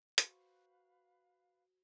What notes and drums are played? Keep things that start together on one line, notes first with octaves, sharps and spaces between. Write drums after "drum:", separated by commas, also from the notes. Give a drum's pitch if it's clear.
F#4 B4 C5 F5, drum: hi-hat